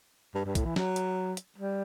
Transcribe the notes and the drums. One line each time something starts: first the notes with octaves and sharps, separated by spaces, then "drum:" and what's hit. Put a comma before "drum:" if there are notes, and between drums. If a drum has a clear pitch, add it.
G2
G2
A2, drum: kick B1, hi-hat
E3
F#3, drum: snare
drum: hi-hat
drum: hi-hat
G3